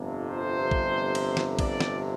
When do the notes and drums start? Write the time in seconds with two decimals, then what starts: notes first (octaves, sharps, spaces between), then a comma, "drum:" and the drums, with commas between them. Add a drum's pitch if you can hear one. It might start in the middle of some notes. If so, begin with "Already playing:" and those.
Already playing: G1 F2 C3
0.28 C5
0.71 drum: kick
1.15 drum: cymbal
1.37 drum: snare
1.59 D5, drum: kick, cymbal
1.80 drum: snare